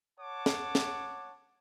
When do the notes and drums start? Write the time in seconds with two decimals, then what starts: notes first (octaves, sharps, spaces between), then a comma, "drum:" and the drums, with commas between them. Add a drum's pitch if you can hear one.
0.18 C#5 F#5 A5 D6
0.46 drum: snare
0.75 drum: snare